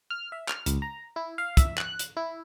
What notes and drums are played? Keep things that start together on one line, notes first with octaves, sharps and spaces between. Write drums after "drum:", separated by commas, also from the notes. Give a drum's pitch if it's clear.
F6
E5
F6, drum: clap
C#2, drum: hi-hat
A#5
E4
F5
E5, drum: kick, hi-hat
F#6, drum: clap
drum: hi-hat
E4